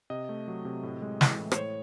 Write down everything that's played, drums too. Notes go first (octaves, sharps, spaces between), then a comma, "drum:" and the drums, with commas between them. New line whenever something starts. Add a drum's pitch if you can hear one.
C3 D#5
A3
F#3
C3
A2
G#3
E3, drum: snare
A2
C5, drum: rim click
A2 C#5